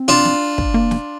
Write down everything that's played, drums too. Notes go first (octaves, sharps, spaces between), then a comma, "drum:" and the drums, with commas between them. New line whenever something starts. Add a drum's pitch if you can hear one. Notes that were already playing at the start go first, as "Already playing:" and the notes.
Already playing: C4
D4 F4
drum: snare
drum: kick
A#3
drum: snare